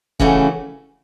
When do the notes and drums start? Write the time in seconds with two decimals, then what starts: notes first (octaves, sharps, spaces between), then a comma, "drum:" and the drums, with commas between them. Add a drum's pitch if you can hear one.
0.20 C#3 E3 A3 C#4 F#4, drum: kick